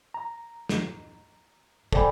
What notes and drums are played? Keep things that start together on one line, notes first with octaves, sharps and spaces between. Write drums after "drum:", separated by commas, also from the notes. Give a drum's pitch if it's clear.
A#5
drum: snare
A4 C5 D5 G5 G#5 B5, drum: kick